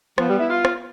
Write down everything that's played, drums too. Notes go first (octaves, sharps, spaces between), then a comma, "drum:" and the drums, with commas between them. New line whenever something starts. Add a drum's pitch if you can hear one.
F3 B3, drum: rim click
G3
E4
F4
drum: rim click